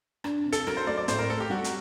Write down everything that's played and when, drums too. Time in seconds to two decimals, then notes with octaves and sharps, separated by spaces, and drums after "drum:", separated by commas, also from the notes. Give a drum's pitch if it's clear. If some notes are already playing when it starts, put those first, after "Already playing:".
0.24 D4, drum: rim click
0.45 C3
0.52 A4, drum: hi-hat
0.67 F#3 A#4, drum: rim click
0.77 C5
0.87 A3 D5
0.97 D5
1.08 A2 C5, drum: hi-hat
1.19 A#4
1.30 A3 A4
1.40 G4
1.50 G3 F#4
1.64 drum: hi-hat